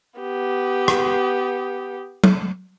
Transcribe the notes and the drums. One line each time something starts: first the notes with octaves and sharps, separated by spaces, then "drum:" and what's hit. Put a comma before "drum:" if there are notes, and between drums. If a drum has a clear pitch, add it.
B3 G4
drum: rim click
drum: tom